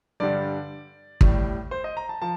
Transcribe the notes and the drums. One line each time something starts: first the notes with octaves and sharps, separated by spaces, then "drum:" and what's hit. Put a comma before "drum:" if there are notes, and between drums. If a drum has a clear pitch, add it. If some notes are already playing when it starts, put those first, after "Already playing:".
G2 D3 G3 D5
A2 G3, drum: kick
C5
D#5
A#5
A5
F3 A5